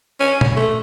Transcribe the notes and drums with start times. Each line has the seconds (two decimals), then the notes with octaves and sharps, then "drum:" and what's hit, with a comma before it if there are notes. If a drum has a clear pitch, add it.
0.20 C#4
0.41 drum: tom A#2
0.57 A3